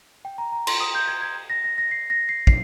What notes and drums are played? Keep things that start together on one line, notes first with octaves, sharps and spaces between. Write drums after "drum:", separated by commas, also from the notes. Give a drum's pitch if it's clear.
G5
A#5
A#5
C6, drum: cymbal
D#6
G6
G#6
G#6
A#6
A#6
A#6
C7
A#6
C7
C7, drum: kick